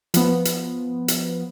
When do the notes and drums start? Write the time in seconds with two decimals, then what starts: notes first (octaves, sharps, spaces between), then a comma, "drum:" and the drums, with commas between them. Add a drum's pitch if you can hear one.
0.14 F3 B3, drum: hi-hat
0.45 drum: hi-hat
1.08 drum: hi-hat